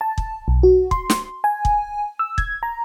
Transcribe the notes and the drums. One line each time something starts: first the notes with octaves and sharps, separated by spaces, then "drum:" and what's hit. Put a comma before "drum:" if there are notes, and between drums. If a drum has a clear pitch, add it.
A5
drum: kick
B1
F#4
C6, drum: kick
drum: snare
G#5
drum: kick
E6
G#6, drum: kick
A#5